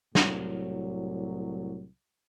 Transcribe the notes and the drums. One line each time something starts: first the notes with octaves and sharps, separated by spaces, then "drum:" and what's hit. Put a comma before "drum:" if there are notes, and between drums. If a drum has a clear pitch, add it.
C2 A2 F#3, drum: snare